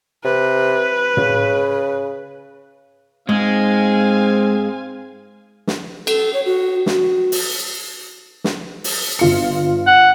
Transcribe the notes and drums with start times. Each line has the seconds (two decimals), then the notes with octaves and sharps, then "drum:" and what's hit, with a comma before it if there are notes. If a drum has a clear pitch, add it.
0.24 C3 B4
1.17 C#3, drum: tom
3.29 G#2 G#3 C4 F5 G#5
5.67 drum: snare
6.07 A4, drum: cymbal
6.33 C#5
6.45 F#4
6.86 F#4, drum: snare
7.32 drum: open hi-hat
8.44 drum: snare
8.84 drum: open hi-hat
9.19 G1 F4 C#7
9.87 F#5